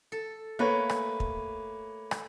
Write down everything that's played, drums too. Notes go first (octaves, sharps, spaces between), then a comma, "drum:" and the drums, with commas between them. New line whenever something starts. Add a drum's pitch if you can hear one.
A4
A3 A#3 B4 C#5
drum: rim click
drum: kick
drum: rim click